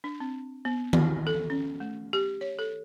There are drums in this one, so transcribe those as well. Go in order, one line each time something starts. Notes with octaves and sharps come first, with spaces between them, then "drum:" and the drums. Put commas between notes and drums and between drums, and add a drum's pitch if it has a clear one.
D4
C4
B3
drum: tom D#3
A4
C#4
A3
G4
C#5
A4